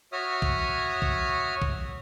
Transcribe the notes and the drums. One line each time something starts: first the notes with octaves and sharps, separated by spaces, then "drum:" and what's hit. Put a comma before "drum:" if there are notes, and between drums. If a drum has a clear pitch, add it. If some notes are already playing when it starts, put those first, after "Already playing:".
F#4 C#5 E5 D#6 F6
drum: kick
drum: kick
drum: kick